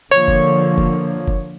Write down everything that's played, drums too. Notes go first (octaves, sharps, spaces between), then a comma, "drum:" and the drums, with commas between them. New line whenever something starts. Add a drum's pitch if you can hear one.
D3 F3 A#3 C#5
drum: kick
drum: kick
drum: kick